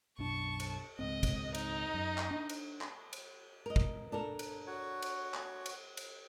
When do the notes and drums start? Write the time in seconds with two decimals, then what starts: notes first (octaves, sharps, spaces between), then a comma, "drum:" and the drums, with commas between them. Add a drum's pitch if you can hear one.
0.19 B1 F#2 D4 A5 C#6
0.60 drum: cymbal
0.99 C#2 G#2 C4 D#5
1.23 drum: kick, cymbal
1.55 D#4, drum: cymbal
1.94 F#2
2.18 drum: clap
2.31 D4
2.49 drum: cymbal
2.81 drum: clap
3.13 drum: cymbal
3.66 A#4 D#5
3.76 drum: kick
4.12 D4 A4 A#4
4.39 drum: cymbal
4.67 F#4 C#5
5.02 drum: cymbal
5.34 drum: clap
5.66 drum: cymbal
5.97 drum: cymbal